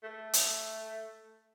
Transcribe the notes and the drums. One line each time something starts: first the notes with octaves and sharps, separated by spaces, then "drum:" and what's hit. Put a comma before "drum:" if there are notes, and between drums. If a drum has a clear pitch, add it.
A3
drum: hi-hat